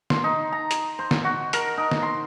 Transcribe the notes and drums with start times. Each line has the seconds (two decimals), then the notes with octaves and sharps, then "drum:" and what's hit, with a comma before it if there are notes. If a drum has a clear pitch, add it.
0.10 C6, drum: snare
0.24 D#4
0.52 A#5
0.71 drum: hi-hat
0.99 C5
1.11 drum: snare
1.24 F#4
1.53 A#4, drum: hi-hat
1.78 D#4
1.91 drum: snare
2.02 C6